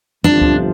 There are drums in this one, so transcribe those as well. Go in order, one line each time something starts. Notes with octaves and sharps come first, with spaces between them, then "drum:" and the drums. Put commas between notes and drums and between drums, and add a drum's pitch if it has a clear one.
G1 F2 C3 F3 D4
drum: kick C#2